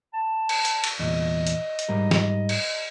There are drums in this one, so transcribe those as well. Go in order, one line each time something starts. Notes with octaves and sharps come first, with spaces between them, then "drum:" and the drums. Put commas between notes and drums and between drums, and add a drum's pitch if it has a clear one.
A5
drum: cymbal
drum: hi-hat
drum: cymbal
E2 A#2 D#5
drum: hi-hat
drum: hi-hat
G#2 G3 A#4
drum: snare
drum: cymbal